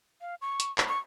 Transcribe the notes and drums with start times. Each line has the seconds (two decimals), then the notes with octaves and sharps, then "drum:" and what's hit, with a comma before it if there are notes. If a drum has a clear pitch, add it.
0.21 F5
0.42 C#6
0.60 drum: hi-hat
0.78 drum: clap
0.88 C#6